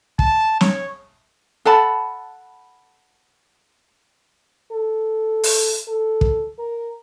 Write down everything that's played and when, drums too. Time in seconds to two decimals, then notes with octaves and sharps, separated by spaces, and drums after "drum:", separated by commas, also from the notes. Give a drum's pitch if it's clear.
0.19 A5, drum: kick
0.61 C#5, drum: snare
1.65 A4 F#5 A5 B5
4.72 A4
5.43 drum: open hi-hat
5.88 A4
6.21 drum: kick
6.59 A#4